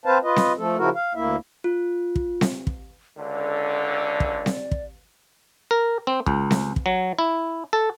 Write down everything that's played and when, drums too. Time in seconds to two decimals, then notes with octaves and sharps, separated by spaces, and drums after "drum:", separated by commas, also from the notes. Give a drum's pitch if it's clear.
0.06 C4 B4 C5 F5 A5
0.23 F4 B4 D#5
0.36 drum: snare C4
0.57 F3 A3 A4
0.77 C#3 F3 E4 F#4 A#4
0.95 F5
1.15 D2 A#3 E4 E5
1.64 F4
2.16 drum: kick
2.41 drum: snare C4
2.67 drum: kick
3.18 C#2 D3 D5
4.20 drum: kick
4.46 drum: snare C4
4.71 drum: kick
5.71 A#4
6.07 C4
6.26 C#2, drum: kick
6.51 drum: snare C4
6.76 drum: kick
6.86 F#3
7.19 E4
7.73 A4